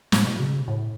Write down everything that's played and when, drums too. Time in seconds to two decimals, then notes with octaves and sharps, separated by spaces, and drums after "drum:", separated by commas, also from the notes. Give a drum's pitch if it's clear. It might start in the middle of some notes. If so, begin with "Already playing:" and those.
0.12 A2, drum: snare
0.26 B2
0.39 C#3
0.61 B2
0.68 A2